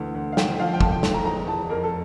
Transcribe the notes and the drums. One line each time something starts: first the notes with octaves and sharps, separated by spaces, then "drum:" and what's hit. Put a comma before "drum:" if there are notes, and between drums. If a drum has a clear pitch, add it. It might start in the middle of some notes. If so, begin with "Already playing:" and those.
Already playing: D2 E3
D2
F5
D2 G5, drum: snare
F3 F5
G5
A3 A5, drum: kick
G5
A3, drum: snare
A#5
E2 A#5
E2 A5
F2 A#4
A4